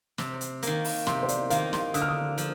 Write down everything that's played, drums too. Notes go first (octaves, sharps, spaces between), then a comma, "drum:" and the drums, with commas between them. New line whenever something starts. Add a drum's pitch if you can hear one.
C3, drum: snare
drum: hi-hat
D#3 A#3, drum: hi-hat
drum: open hi-hat
C3 C6, drum: snare
C5
D5, drum: hi-hat
D#3 A#3 F5, drum: hi-hat
C6, drum: snare
D3 D#6, drum: hi-hat
F6
D#6
F3, drum: hi-hat